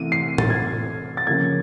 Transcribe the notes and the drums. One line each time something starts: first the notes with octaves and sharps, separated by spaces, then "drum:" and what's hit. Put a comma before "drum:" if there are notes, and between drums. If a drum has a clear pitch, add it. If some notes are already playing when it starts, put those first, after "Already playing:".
Already playing: C3 E3 A3 D#7
C7
A6, drum: tom A2
G#6
A6
C#3 F3 A#3 G#6